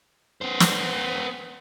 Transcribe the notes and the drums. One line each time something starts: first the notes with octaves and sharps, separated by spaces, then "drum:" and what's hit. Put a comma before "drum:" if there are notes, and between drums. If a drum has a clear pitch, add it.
B3 C5
drum: snare